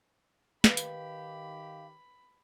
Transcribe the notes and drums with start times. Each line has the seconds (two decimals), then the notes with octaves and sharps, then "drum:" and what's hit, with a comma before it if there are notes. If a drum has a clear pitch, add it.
0.64 D#3 G4 B4 F5 B5, drum: snare
0.77 drum: hi-hat